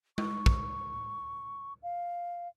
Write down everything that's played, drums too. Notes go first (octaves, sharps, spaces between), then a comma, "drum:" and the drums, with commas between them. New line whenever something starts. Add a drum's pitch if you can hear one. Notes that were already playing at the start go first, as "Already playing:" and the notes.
C#6, drum: tom G#3
drum: kick
F5